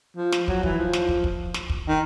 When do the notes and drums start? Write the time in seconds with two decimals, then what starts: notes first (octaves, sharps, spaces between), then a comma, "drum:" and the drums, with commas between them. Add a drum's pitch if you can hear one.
0.17 F3
0.32 drum: snare
0.48 F#3, drum: kick
0.63 E3, drum: kick
0.79 F3
0.93 drum: snare
1.09 drum: kick
1.24 drum: kick
1.54 drum: snare
1.70 drum: kick
1.89 D#3